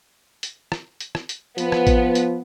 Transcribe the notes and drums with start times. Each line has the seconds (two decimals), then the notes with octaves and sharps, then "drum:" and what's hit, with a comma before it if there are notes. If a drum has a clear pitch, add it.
0.43 drum: hi-hat
0.72 drum: rim click
1.00 drum: hi-hat
1.15 drum: rim click
1.29 drum: hi-hat
1.58 F3 B3, drum: hi-hat
1.72 drum: rim click
1.87 drum: kick A1, hi-hat
2.15 drum: hi-hat